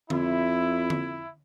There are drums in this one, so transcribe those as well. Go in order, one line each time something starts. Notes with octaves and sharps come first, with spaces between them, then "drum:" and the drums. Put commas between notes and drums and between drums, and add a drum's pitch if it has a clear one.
F2 E4, drum: tom D3
drum: tom D3